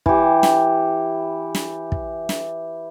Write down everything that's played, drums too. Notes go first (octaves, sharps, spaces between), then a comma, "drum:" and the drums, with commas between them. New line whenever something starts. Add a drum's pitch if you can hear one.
E3 G4, drum: kick
drum: snare
drum: snare
drum: kick
drum: snare